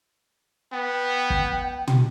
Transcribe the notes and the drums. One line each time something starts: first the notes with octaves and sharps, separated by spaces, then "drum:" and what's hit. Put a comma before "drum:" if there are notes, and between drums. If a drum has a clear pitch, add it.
B3 G5
drum: kick
drum: tom